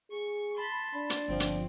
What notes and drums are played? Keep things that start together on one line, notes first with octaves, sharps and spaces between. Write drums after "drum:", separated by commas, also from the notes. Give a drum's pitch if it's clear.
G#4 C#6
A5 B5 C6
D4
drum: hi-hat
G1 F3 C4
drum: hi-hat